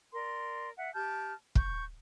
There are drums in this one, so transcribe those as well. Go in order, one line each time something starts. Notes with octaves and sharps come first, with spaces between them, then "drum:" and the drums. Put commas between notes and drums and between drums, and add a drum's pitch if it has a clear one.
A#4 D5 C6
E5 F#5
G4 A5 F6 G6
C#6 G6, drum: kick